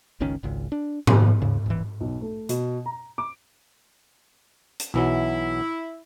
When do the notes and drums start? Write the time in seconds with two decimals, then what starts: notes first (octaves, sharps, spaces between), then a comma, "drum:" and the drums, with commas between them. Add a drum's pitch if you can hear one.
0.20 G1 C#2 D#3 C#4
0.43 G#1 C#2
0.72 D4
1.07 C3 D#3 F3 A#3, drum: tom G#2
1.42 D#2 C#3
1.66 D#1 E3
2.00 B1
2.21 A3
2.49 B2, drum: hi-hat
2.86 A#5
3.18 D6
4.80 drum: hi-hat
4.94 B1 E3 F#3 E4